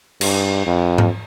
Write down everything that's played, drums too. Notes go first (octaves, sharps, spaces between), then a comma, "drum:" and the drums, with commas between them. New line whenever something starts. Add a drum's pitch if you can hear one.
G2, drum: cymbal
F2
drum: tom G#2